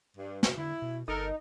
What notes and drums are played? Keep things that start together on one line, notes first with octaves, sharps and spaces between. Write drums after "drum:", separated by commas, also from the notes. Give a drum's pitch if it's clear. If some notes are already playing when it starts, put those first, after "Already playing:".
G2
drum: snare
D3 E4
B2
G1 D#4 A4 A#4